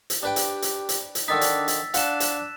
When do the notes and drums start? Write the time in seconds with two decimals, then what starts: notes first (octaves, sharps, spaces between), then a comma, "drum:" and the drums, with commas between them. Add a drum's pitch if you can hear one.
0.10 drum: hi-hat
0.23 D4 G4 B4 G5
0.36 drum: hi-hat
0.62 drum: hi-hat
0.89 drum: hi-hat
1.15 drum: hi-hat
1.28 D3 D#3 D4 D#4 E6 A6 B6
1.41 drum: hi-hat
1.68 drum: hi-hat
1.94 D4 F5 F#5 C6 F#6 E7, drum: hi-hat
2.20 drum: hi-hat